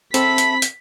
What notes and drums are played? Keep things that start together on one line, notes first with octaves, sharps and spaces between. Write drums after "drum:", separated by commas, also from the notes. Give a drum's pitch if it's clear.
C4 A4 E5 B5 B6, drum: hi-hat
drum: hi-hat
drum: hi-hat